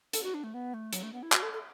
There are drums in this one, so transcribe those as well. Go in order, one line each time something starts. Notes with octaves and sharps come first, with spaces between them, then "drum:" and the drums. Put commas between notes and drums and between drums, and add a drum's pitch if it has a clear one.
A4, drum: hi-hat
F#4
D4
A3
B3
A3
F#3, drum: hi-hat
A3
B3
E4
F#4, drum: clap
A4
A4